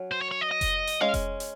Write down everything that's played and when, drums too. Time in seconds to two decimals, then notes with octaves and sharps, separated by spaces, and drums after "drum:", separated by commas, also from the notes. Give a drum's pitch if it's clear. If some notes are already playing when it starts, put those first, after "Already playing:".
Already playing: F#3 C#4
0.12 C5
0.21 C#5
0.31 C#5
0.41 D#5
0.51 D#5
0.61 drum: kick F1, hi-hat
0.87 drum: hi-hat
1.01 G#3 C#4 F5
1.14 drum: kick F1, hi-hat
1.40 drum: hi-hat